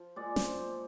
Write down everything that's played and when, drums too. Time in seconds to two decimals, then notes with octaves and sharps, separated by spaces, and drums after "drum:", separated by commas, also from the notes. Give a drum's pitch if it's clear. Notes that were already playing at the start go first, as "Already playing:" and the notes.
Already playing: F3
0.16 A#2 G#3 D5
0.36 C5, drum: snare